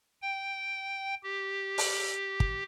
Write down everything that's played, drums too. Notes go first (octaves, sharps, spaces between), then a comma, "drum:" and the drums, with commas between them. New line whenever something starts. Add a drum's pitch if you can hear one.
G5
G4
drum: open hi-hat
drum: kick